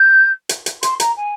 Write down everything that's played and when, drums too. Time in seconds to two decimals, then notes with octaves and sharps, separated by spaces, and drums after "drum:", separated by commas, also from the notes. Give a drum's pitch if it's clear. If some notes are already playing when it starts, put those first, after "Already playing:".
Already playing: G6
0.49 drum: hi-hat
0.66 drum: hi-hat
0.83 C6, drum: hi-hat
1.00 A#5, drum: hi-hat
1.17 G#5